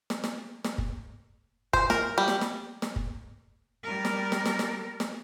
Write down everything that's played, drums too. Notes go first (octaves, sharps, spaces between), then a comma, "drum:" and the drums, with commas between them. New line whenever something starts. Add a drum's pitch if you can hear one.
drum: snare
drum: snare
drum: snare
drum: kick
C5, drum: kick
A#4, drum: snare
G3
drum: snare
drum: snare
drum: snare
drum: kick
G3 A#4
drum: snare
drum: snare
drum: snare
drum: snare
drum: snare